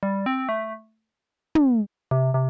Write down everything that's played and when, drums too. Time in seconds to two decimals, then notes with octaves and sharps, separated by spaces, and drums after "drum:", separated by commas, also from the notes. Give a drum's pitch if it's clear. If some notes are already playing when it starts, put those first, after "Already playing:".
0.03 G3
0.26 C4
0.49 A3
1.55 drum: tom
2.11 C3
2.34 C3